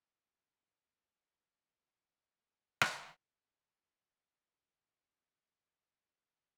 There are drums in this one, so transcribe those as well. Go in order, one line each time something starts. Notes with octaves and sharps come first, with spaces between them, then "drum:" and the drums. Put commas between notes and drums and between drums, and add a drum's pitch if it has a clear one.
G3
A3
G3
B3
C4
C4
B3
A3
G3
F3
drum: rim click
A3
G3
B3
C4
D4
F4
E4
G4
E4
F4
G4
A4
G4
F4